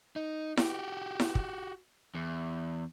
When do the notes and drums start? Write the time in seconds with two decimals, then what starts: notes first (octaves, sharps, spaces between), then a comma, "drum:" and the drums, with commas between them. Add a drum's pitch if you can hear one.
0.16 D#4
0.57 F#4 G4, drum: snare E4
1.20 drum: snare E4
1.35 drum: kick
2.15 E2